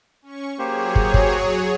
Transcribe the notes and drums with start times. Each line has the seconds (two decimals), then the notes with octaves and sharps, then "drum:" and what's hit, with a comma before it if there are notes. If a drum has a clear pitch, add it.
0.22 C#4 C#6
0.59 F#3 A#3 G4 G#4 C5 C#5
0.96 drum: kick
1.14 drum: kick